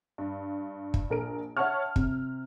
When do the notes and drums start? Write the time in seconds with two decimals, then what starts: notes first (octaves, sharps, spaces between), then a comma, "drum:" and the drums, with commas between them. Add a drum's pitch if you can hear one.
0.18 G2
0.94 drum: kick
1.10 A#1 A#4 D7
1.57 C#5 E5 F#5 A5 C#6 F6
1.96 C3, drum: kick